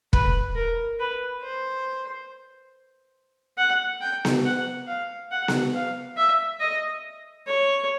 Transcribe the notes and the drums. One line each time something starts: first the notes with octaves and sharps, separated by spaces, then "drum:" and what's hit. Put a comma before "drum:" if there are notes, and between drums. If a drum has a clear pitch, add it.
B4, drum: kick
A#4
B4
C5
F#5
G5
drum: snare B3
F#5
F5
F#5
drum: snare B3
F5
E5
D#5
C#5